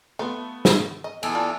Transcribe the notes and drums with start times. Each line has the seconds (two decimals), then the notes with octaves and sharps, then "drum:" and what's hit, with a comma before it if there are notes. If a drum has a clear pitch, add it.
0.19 A3 B3 F4
0.65 drum: snare
1.04 D#5
1.23 E3 B3 A4 G#5, drum: cymbal
1.35 F4 D5 A5